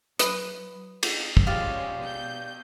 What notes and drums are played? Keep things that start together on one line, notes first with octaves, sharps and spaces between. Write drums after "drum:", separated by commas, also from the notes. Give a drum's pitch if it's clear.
F#3 B4 D#6, drum: hi-hat
F#5, drum: cymbal
drum: kick
F3 G#3 C#4 G4 D5 F5
B2 G6